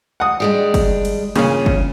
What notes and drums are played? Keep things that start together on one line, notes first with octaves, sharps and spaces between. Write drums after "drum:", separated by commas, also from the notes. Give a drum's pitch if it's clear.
F#5 D#6
G3 G#3 D4
drum: kick, cymbal
drum: cymbal
G2 A#2 C#3 C#4, drum: cymbal
drum: kick